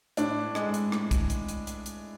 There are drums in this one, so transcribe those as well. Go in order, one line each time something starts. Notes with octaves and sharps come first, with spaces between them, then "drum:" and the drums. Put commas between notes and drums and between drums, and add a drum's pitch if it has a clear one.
A2 D4, drum: hi-hat
G#3, drum: rim click
drum: hi-hat
A2, drum: rim click
drum: kick B1, hi-hat
drum: hi-hat
drum: hi-hat
drum: hi-hat
drum: hi-hat